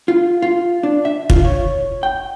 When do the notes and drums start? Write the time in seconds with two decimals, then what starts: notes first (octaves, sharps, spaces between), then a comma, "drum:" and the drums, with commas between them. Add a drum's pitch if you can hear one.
0.08 F4
0.42 F4
0.83 D4
1.05 E5
1.30 F4, drum: kick
1.45 C#5
2.03 G5